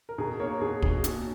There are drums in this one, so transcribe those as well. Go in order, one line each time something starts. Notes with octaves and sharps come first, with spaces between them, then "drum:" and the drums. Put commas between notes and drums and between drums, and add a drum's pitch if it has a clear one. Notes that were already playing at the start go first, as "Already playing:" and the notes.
A#4
B2 G#4
A#3 A#4 C#5
B2 G#4
B2 G#4, drum: kick
A#2, drum: hi-hat